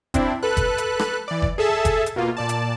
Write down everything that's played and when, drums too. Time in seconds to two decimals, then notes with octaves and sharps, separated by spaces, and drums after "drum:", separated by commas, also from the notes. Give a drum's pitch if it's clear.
0.14 C4 D4 E4, drum: kick F#1, hi-hat
0.43 A4 B4 F#6
0.57 drum: kick F#1, hi-hat
0.78 drum: hi-hat
0.99 drum: rim click
1.28 E3 D5
1.42 drum: kick F#1
1.58 G#4 A4 E5 A5
1.85 drum: kick F#1, hi-hat
2.06 drum: hi-hat
2.16 B2 A#3 F4
2.37 A#2 D5 A5
2.49 drum: hi-hat